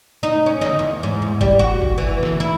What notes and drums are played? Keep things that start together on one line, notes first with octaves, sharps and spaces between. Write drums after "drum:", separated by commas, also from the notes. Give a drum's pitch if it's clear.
D#4
C#4
D#4, drum: snare
E2
G#2
E2
G3, drum: kick F#1
F#4
drum: kick F#1
E3
drum: snare
E4